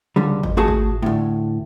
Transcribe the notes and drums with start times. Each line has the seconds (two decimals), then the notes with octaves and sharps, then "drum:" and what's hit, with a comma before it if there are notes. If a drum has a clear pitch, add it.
0.16 C#2 D3 G3
0.43 F2, drum: kick G#1
0.57 A3 F#4 G#4 A5
0.68 drum: kick G#1
0.92 drum: tom G#2
1.02 D2 A2